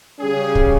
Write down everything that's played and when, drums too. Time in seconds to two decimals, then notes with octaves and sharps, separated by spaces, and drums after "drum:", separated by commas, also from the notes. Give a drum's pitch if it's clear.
0.20 C#3 G3 C#4 G#4
0.55 drum: kick